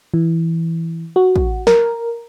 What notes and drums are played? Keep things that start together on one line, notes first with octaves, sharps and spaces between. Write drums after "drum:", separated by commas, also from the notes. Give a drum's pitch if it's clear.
E3
F#4
drum: kick
A#4, drum: snare